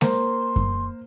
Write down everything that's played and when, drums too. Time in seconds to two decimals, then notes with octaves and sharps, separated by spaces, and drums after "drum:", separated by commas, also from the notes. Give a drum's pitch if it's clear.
0.01 A#3 A#4 C5 C6, drum: snare G#3
0.56 drum: kick F#2